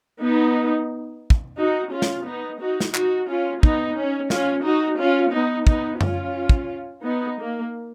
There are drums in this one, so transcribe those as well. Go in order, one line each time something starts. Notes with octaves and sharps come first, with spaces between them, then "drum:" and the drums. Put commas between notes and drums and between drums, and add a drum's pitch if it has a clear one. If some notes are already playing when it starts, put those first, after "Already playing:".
B3 D#4
drum: kick
D#4 F#4
C#4 F4
drum: snare
B3 D#4
D#4 F#4
drum: snare
D#4 F#4, drum: clap
C#4 F4
B3 D#4, drum: kick
C#4
C#4 F4, drum: snare
D#4 F#4
C#4 F4
B3 D#4
B3 D#4, drum: kick
C#4 F4, drum: tom F#2
drum: kick
B3 D#4
A#3